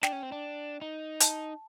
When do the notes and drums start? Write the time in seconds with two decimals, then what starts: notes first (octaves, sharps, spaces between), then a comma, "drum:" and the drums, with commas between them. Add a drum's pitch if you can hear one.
0.03 D4 G5, drum: snare
0.12 C#4
0.23 C4
0.32 D4
0.82 D#4
1.20 A5, drum: hi-hat